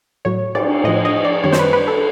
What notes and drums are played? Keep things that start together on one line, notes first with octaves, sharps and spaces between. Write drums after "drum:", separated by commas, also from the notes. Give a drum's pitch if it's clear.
A2 F#3 C#5
D5, drum: cymbal
A2 F3 D#5
D#5
D5
F#2 D#3 G3 C#5
C5, drum: snare
B4
B4
A4